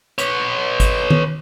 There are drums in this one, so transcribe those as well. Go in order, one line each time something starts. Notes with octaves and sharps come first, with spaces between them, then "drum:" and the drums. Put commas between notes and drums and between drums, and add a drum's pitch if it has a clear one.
B4 C#5, drum: hi-hat
drum: kick G#1, hi-hat
drum: tom D#3